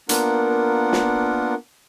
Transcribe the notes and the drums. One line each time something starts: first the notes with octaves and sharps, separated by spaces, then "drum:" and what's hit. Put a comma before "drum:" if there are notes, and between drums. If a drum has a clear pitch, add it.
A#3 B3 D4 F4 A#4 F#5, drum: hi-hat
drum: snare